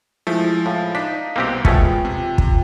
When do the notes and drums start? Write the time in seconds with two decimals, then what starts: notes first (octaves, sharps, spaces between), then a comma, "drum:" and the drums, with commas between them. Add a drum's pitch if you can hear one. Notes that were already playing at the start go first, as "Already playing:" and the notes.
0.27 F3 G#3 A3 E4
0.66 A2 F5
0.95 D4 D#4 B6
1.36 C2 B2 A#3 C4 G4
1.65 B2 G#3 A3 C#4 F4 G5, drum: kick
2.05 C3
2.38 drum: kick